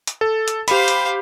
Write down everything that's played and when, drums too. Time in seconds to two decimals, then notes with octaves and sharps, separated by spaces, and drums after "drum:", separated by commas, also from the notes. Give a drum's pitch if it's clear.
0.07 drum: hi-hat
0.21 A4
0.48 drum: hi-hat
0.68 G4 C5 F5 B5, drum: hi-hat
0.88 drum: hi-hat